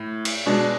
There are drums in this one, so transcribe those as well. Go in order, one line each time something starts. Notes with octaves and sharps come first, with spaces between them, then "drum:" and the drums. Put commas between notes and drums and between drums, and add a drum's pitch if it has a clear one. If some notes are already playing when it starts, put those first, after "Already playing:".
Already playing: A2
drum: cymbal
B2 G#3 D4